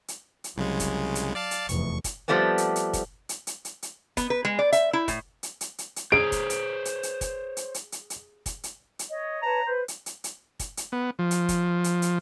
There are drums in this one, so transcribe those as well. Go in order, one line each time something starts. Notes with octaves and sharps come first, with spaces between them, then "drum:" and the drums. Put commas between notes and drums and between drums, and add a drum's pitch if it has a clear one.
drum: hi-hat
drum: hi-hat
C2 C#3 F#3 G#3
drum: kick, hi-hat
drum: hi-hat
D5 F5 A5
drum: hi-hat
F1 E2 C#6, drum: hi-hat
drum: kick, hi-hat
F3 G3 A3 B3 C4
drum: hi-hat
drum: hi-hat
drum: kick, hi-hat
drum: hi-hat
drum: hi-hat
drum: hi-hat
drum: hi-hat
B3, drum: kick, hi-hat
B4
G#3
D5
E5, drum: hi-hat
E4
A2, drum: kick, hi-hat
drum: hi-hat
drum: hi-hat
drum: hi-hat
drum: hi-hat
G#4 C5 C#5 A#5 D7
drum: kick, hi-hat
drum: hi-hat
drum: hi-hat
drum: hi-hat
drum: kick, hi-hat
drum: hi-hat
drum: hi-hat
drum: hi-hat
drum: hi-hat
drum: kick, hi-hat
drum: hi-hat
drum: hi-hat
C#5 D#5
B4 C#5 A5 A#5
B4 C5
drum: hi-hat
drum: hi-hat
drum: hi-hat
drum: kick, hi-hat
drum: hi-hat
B3
F3
drum: hi-hat
drum: kick, hi-hat
drum: hi-hat
drum: hi-hat